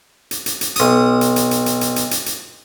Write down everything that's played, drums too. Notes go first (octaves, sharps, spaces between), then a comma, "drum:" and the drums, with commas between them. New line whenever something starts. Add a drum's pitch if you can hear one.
drum: hi-hat
drum: hi-hat
drum: hi-hat
B1 D#6, drum: hi-hat
drum: hi-hat
drum: hi-hat
drum: hi-hat
drum: hi-hat
drum: hi-hat
drum: hi-hat
drum: hi-hat
drum: hi-hat